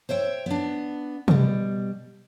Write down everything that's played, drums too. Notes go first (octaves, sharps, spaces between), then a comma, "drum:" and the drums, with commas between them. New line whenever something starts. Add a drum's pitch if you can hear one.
C5 C#5 E5 G5
B3 D4
B2 G3, drum: tom C3